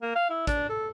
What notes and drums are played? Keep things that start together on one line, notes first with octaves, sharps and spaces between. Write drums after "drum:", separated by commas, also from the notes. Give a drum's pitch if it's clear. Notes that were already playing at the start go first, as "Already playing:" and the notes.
A#3
F5
E4
D4, drum: kick, hi-hat
A4